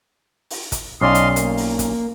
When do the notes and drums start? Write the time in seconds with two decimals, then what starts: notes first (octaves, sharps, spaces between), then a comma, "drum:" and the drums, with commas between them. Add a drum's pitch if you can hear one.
0.50 drum: open hi-hat
0.72 drum: kick, hi-hat
1.01 B1 C#4 D5 D#5 F5 C6
1.15 drum: hi-hat
1.36 A#3, drum: hi-hat
1.57 drum: open hi-hat
1.79 drum: kick, hi-hat